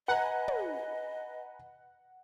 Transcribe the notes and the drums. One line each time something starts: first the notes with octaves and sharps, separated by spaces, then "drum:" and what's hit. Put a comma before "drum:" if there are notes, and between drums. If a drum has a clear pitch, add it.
B4 D#5 F#5 G#5 A#5
drum: tom